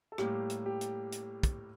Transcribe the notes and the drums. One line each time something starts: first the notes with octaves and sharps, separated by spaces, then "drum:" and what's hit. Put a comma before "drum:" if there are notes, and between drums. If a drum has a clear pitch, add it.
A4
A2 G3 A#3 G4, drum: rim click
drum: hi-hat
G4
drum: hi-hat
drum: hi-hat
drum: kick, hi-hat